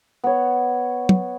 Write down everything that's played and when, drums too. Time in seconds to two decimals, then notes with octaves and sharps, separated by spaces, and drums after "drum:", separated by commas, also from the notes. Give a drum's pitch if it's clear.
0.24 B3 C#5
1.09 drum: tom